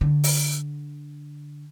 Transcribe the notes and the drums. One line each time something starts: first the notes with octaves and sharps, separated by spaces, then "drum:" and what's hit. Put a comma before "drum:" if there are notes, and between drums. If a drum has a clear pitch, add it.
D3
drum: open hi-hat